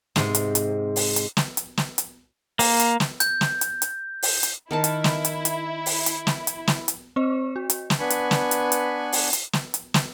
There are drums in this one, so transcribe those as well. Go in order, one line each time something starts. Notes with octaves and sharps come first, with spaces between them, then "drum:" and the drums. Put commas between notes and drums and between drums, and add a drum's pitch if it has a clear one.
G#2 C3, drum: snare
drum: hi-hat
drum: hi-hat
drum: open hi-hat
drum: hi-hat
drum: snare
drum: hi-hat
drum: snare
drum: hi-hat
A#3, drum: open hi-hat
drum: hi-hat
drum: snare
G6, drum: hi-hat
drum: snare
drum: hi-hat
drum: hi-hat
drum: open hi-hat
drum: hi-hat
D#3 E4 A#4 A5
drum: hi-hat
drum: snare
drum: hi-hat
drum: hi-hat
drum: open hi-hat
drum: hi-hat
drum: snare
drum: hi-hat
drum: snare
drum: hi-hat
C4 C5 D#5
F#4
drum: hi-hat
drum: snare
B3 D4 B4 G#5 B5 C#6
drum: hi-hat
drum: snare
drum: hi-hat
drum: hi-hat
drum: open hi-hat
drum: hi-hat
drum: snare
drum: hi-hat
drum: snare